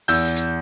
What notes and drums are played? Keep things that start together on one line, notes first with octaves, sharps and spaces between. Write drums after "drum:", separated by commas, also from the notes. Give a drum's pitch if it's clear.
E2 E6 G6, drum: open hi-hat
drum: hi-hat